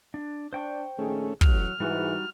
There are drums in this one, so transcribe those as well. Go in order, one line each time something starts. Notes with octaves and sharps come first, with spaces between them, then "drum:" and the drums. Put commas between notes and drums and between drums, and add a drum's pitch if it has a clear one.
D4
D4 C5 G5 C#6
A#1 D#3 A3 C#4 G#4
A1 F#3 F6, drum: kick
G#2 E3 G3 D#4 F#4